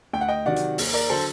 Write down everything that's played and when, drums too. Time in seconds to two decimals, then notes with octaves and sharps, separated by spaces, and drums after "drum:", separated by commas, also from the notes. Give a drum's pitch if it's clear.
0.13 D2 G5
0.21 F#5
0.28 D#5 G5
0.46 C3 D#3 F#3 D5 F#5
0.56 drum: hi-hat
0.78 D#2, drum: open hi-hat
0.93 A#4 D5
1.10 D3 F#3 A4 C5